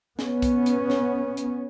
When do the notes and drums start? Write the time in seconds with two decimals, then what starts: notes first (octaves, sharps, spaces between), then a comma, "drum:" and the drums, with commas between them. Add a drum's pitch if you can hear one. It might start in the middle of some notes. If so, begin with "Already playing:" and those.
0.19 B3 C#4, drum: snare
0.42 drum: kick B1, hi-hat
0.66 drum: hi-hat
0.90 drum: snare
1.37 drum: hi-hat